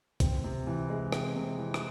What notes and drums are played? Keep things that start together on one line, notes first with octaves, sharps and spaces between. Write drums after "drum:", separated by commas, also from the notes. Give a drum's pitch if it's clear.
C4, drum: kick, hi-hat
C3
E3
G#3
C4, drum: rim click
C3
E3
drum: rim click